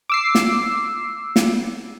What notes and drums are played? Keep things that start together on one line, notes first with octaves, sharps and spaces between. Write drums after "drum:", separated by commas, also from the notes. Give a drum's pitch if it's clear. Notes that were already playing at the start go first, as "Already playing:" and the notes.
D6 E6 C7
drum: snare
drum: snare